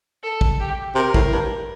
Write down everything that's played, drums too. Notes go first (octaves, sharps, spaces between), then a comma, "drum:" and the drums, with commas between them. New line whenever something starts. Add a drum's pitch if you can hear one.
A4
drum: kick
G4
C3 A#4
A2, drum: kick
G2